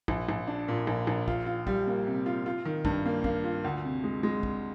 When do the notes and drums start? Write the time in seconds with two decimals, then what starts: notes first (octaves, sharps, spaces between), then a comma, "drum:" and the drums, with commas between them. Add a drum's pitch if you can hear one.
0.08 A#1, drum: kick
0.29 A#1
0.47 D4
0.68 A#2
0.87 A#1
1.07 A#1
1.28 F4, drum: kick
1.46 F4
1.67 G3, drum: kick
1.87 A#3
2.07 C3
2.26 F4
2.46 F4
2.65 D#3
2.85 G2, drum: kick
3.06 A#3
3.24 A#3, drum: kick
3.44 F4
3.64 D2
3.84 C3
4.04 G#3
4.23 G#3
4.43 drum: kick